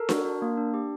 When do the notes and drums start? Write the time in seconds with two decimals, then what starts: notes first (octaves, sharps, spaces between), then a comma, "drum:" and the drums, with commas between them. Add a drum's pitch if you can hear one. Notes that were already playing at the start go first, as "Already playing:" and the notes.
Already playing: A4 A#4
0.09 F#4, drum: snare D4
0.25 D4
0.42 A#3
0.57 D4
0.74 G4